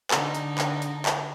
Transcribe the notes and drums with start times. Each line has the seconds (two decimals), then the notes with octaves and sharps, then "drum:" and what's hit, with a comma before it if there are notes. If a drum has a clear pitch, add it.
0.11 D3 D#4, drum: clap
0.35 drum: hi-hat
0.58 drum: clap
0.82 drum: hi-hat
1.06 drum: clap